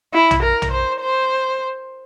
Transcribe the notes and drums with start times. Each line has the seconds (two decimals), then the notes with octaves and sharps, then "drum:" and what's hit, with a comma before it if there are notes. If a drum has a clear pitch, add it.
0.14 E4
0.31 drum: tom A#1
0.43 A#4
0.62 drum: tom A#1
0.72 C5
1.01 C5